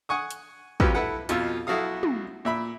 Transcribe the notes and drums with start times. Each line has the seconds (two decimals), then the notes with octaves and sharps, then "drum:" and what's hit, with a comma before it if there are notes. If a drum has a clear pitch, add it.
0.09 F#5 G#5 C#6 D#6
0.31 drum: hi-hat
0.80 F2 F3 F#3 G4 B4 E6, drum: kick
0.95 E4 A4 B4 F#5
1.29 F2 B2 F4 E6, drum: hi-hat
1.67 B1 E4 F#4 A4 F5 D#6
2.03 drum: tom
2.45 A#2 E5 B5